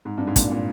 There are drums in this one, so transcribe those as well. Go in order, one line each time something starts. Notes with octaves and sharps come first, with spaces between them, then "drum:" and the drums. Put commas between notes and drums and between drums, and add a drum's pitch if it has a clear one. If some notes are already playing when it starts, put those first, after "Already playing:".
G#2
G2
G#2
G2 A#2, drum: kick, hi-hat
A#2